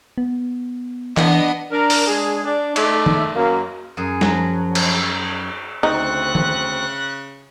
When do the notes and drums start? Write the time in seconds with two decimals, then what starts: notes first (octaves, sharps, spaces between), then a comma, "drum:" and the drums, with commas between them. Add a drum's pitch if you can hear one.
0.18 B3
1.17 E3 B3 D4 D#5, drum: clap
1.72 D4 A#4
1.90 drum: open hi-hat
2.07 G#3 D4 G#4
2.43 D4
2.76 A3 D#4 D5 E5, drum: cymbal
3.06 drum: tom D#3
3.35 F#2 A#3
3.97 F#2 G#4
4.21 F3 F#3, drum: snare
4.75 drum: cymbal
5.83 D2 C#3 C4 D#4 C#6 F#6
6.35 drum: tom D#3